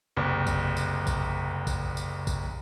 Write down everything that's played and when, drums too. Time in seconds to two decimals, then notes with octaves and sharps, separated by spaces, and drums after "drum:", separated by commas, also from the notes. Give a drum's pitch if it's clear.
0.17 F#1 C2
0.47 drum: kick A#1, tambourine
0.77 drum: tambourine
1.07 drum: kick A#1, tambourine
1.67 drum: kick A#1, tambourine
1.97 drum: tambourine
2.27 drum: kick A#1, tambourine